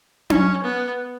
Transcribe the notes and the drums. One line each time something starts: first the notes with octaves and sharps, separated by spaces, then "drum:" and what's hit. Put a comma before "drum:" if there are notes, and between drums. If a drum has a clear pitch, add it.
C#4, drum: tom C#4
B3